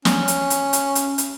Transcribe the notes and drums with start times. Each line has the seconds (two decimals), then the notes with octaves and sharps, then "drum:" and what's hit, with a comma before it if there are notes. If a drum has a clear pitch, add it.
0.05 C#4, drum: snare
0.28 drum: hi-hat
0.50 drum: hi-hat
0.73 drum: hi-hat
0.95 drum: hi-hat
1.18 drum: hi-hat